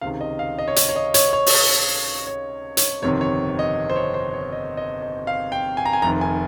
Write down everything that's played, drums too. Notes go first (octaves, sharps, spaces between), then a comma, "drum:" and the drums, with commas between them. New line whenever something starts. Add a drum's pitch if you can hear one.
C#2 C3 D#3 F5
D#5
F5
D#5
C#5
D#5, drum: hi-hat
C#5
D#5
C#5, drum: hi-hat
C#5
drum: open hi-hat
C#5
C#5, drum: hi-hat
G1 F2 C3 D#3 C#5
C#5
D#5
C5
C#5
C5
C#5
D#5
D#5
D#5
F5
G5
G#5
A#5
G#5
F1 F2 D#3 A#5
G#5